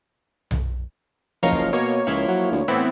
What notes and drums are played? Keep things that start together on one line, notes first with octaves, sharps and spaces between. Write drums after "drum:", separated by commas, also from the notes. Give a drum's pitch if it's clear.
drum: tom B1
F#1 F3 A#4 C#5 D#5 F5
drum: kick
B2 A#3 C#5 D#5
C#2 F3 E4 F4
F#3
D2
A2 E3 B3 C4 E4